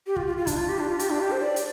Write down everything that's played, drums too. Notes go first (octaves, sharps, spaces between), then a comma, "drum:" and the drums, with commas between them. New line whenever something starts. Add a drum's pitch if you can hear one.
G4
F4, drum: kick
F4
F4
D4, drum: kick, hi-hat
F4
G4
D4
F4
G4, drum: hi-hat
D4
G4
C5
D5
drum: hi-hat